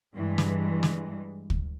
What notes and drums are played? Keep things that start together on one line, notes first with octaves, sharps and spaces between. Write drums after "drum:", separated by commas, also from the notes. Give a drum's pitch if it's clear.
G2 E3 G#3
drum: snare
drum: snare
drum: kick